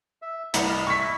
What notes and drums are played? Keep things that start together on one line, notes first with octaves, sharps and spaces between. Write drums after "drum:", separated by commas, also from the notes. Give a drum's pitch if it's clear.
E5
C2 F#5 A#5 B5, drum: hi-hat
D#5 F6
E4 C#6 B6